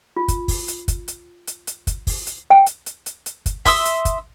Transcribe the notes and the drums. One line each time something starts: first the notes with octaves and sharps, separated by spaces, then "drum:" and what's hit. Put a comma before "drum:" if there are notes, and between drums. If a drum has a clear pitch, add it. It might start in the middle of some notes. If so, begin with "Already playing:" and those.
F4
drum: kick, hi-hat
drum: kick, open hi-hat
drum: hi-hat
drum: kick, hi-hat
drum: hi-hat
drum: hi-hat
drum: hi-hat
drum: kick, hi-hat
drum: kick, open hi-hat
drum: hi-hat
G5
drum: hi-hat
drum: hi-hat
drum: hi-hat
drum: hi-hat
drum: kick, hi-hat
E5 C6 D#6 E6, drum: kick, open hi-hat
drum: hi-hat
drum: kick, hi-hat